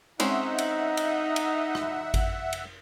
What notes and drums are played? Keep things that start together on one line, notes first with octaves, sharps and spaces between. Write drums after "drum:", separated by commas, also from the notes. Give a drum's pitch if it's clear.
G#3 C4 C#4 D#4 E5 F#5, drum: cymbal
drum: cymbal
drum: cymbal
drum: cymbal
drum: rim click
drum: kick G#1, cymbal
drum: cymbal